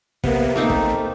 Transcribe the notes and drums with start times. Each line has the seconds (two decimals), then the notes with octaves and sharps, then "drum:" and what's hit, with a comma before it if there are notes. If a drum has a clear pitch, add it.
0.24 C3 A#3 B3, drum: kick
0.56 A3 A#3 C4 D#4
0.70 drum: kick